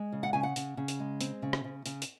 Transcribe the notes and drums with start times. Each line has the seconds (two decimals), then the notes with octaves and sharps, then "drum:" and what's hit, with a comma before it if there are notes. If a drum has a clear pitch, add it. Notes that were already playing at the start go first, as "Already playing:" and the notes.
Already playing: G#3
0.12 C#3
0.23 F#5
0.33 C#3 G#5
0.43 F#5
0.56 C#3, drum: hi-hat
0.77 C#3
0.88 drum: hi-hat
1.00 G#3
1.21 C4, drum: hi-hat
1.42 C#3
1.53 drum: rim click
1.64 C#3
1.86 C#3, drum: hi-hat
2.02 drum: hi-hat